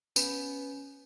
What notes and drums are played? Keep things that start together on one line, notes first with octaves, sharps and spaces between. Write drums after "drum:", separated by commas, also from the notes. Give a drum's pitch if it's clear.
B3 C#4, drum: tambourine